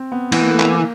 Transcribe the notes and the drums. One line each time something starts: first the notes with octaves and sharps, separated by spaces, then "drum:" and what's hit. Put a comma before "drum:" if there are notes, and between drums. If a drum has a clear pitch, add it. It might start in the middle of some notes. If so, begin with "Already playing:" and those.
Already playing: C4
B3
E3 B3, drum: cymbal
A#3
A3
A#3, drum: clap